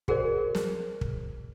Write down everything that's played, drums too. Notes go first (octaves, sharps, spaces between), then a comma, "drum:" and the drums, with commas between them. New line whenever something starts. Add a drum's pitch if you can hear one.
F#4 G#4 A#4 C5 D5, drum: kick
drum: snare
drum: kick